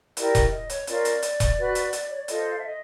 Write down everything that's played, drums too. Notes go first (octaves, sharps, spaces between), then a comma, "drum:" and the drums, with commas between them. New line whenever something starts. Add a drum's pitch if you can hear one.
E4 G4 A#4 D5, drum: hi-hat
drum: kick E1, hi-hat
D#5
C#5, drum: hi-hat
C#4 F4 A#4 D5, drum: hi-hat
drum: hi-hat
drum: hi-hat
drum: kick E1, hi-hat
F#4 B4
drum: hi-hat
drum: hi-hat
C#5
D5
F4 A4 C5 D#5, drum: hi-hat
F5
E5
D#5